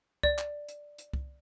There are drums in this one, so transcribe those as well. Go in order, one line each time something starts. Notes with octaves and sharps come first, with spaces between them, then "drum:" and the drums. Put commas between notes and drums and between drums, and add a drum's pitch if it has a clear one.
D5, drum: kick C2
drum: clap
drum: hi-hat
drum: hi-hat
drum: kick C2